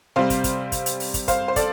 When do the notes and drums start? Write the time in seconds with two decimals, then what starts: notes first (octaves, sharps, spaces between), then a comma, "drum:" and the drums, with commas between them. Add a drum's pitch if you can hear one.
0.16 C3 G3 C5 F5
0.30 drum: kick, hi-hat
0.44 drum: kick, hi-hat
0.72 drum: kick, hi-hat
0.86 drum: hi-hat
1.00 drum: open hi-hat
1.14 drum: kick, hi-hat
1.28 C5 F5, drum: kick, hi-hat
1.48 C5
1.56 A4 D5, drum: kick, hi-hat